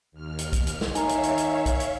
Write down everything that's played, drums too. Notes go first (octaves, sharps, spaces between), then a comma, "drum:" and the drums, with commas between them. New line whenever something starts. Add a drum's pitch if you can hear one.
D#2 F6
drum: hi-hat
drum: kick B1, hi-hat
drum: hi-hat
drum: snare
D#3 C#5 E5 F5 G#5 A#5, drum: hi-hat
drum: hi-hat
drum: hi-hat
drum: hi-hat
drum: kick B1, hi-hat
drum: hi-hat